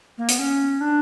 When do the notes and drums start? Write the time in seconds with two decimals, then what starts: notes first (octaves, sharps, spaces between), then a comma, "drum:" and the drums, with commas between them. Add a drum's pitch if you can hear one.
0.18 A#3
0.29 B3, drum: hi-hat
0.39 C#4
0.81 D4